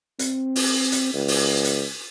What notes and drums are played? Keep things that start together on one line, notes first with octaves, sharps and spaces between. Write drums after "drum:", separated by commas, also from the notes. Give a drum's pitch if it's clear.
C4, drum: hi-hat
drum: open hi-hat
drum: hi-hat
C#2
drum: open hi-hat
drum: hi-hat